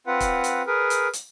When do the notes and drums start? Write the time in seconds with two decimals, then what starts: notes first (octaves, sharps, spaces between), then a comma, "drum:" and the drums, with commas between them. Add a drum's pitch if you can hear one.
0.07 C4 F4 B4 F#5
0.20 drum: kick, hi-hat
0.44 drum: hi-hat
0.67 G#4 A#4 B4
0.90 drum: hi-hat
1.13 drum: hi-hat